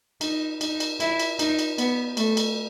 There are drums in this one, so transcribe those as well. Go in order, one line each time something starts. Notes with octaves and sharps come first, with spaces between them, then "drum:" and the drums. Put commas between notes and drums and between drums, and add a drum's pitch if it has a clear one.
D#4, drum: cymbal
D#4, drum: cymbal
drum: cymbal
E4, drum: cymbal
drum: cymbal
D#4, drum: cymbal
drum: cymbal
B3, drum: cymbal
A3, drum: cymbal
drum: cymbal